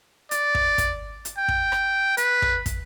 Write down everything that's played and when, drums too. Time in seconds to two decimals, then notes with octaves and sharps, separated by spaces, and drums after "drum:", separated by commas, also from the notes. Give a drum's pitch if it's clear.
0.31 D5, drum: hi-hat
0.55 drum: kick
0.78 drum: kick, hi-hat
1.25 drum: hi-hat
1.38 G5
1.48 drum: kick
1.72 drum: rim click
2.17 B4, drum: hi-hat
2.42 drum: kick
2.66 drum: kick, hi-hat